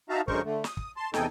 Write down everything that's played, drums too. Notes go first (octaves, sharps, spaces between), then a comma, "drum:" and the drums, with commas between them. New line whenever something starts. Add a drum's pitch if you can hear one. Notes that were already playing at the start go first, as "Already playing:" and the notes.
D#4 F#4 E5 F5 A5 A#5
F#2 D3 G#3 A#4 C5 C#6, drum: kick
D3 A3
D#6, drum: snare
drum: kick
A5 C6
E2 C3 D#4 A4 G5 G#5, drum: snare